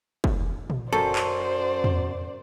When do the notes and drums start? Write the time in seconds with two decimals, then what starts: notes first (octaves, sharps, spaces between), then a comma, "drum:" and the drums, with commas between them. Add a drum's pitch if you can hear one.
0.24 drum: kick
0.70 drum: tom A#2
0.93 F#2 A4 C5 D5
1.15 drum: clap
1.84 drum: tom E2